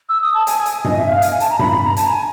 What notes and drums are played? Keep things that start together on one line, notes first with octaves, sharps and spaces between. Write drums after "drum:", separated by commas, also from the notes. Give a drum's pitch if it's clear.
E6
D#6
A5
G#5, drum: hi-hat
drum: hi-hat
D#5, drum: tom G2
E5
F5
drum: hi-hat
G#5
A5, drum: hi-hat
A#5
B5, drum: tom G2
B5
A#5
A5, drum: hi-hat
G#5